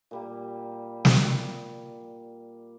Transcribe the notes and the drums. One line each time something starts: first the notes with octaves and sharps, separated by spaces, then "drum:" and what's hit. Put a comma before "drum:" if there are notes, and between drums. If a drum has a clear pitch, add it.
A#2 G3 A#3
drum: snare